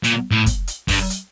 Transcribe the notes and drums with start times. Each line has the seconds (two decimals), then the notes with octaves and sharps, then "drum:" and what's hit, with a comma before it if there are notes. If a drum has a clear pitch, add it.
0.04 A#2, drum: hi-hat
0.31 A2
0.46 drum: kick, hi-hat
0.67 drum: hi-hat
0.88 G2, drum: kick, open hi-hat
1.10 drum: hi-hat